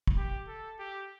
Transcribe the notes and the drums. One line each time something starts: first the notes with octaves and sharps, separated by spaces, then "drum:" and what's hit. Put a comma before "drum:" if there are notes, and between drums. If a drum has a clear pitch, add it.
drum: kick
G4
A4
G4